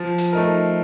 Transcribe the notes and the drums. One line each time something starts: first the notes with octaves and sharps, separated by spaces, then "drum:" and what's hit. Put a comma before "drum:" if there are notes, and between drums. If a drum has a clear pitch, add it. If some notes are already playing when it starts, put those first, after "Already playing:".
Already playing: F3
drum: hi-hat
A3 D#4 A#4